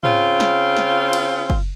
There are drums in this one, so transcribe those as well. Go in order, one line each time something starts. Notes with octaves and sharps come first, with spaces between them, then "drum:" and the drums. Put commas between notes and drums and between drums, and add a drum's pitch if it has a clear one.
C#3 C4 F4, drum: tom
drum: snare
drum: snare
drum: cymbal
drum: kick